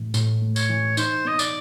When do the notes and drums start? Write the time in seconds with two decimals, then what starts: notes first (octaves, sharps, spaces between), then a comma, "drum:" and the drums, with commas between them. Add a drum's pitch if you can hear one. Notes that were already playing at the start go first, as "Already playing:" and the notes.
Already playing: A2 E3 A3
0.14 A2, drum: tambourine
0.42 A3
0.56 C#5, drum: tambourine
0.69 E3
0.97 D#4 C5, drum: tambourine
1.25 B3 D#5
1.39 D5, drum: tambourine